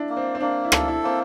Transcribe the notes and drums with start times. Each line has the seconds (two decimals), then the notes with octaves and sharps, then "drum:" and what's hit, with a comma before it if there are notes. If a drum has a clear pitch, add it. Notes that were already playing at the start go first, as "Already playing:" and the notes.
Already playing: D4 E4
0.09 A#3
0.17 C4
0.35 C4
0.41 A#3 D4
0.64 E4
0.72 A4, drum: rim click
0.88 E4
1.03 A#3 C4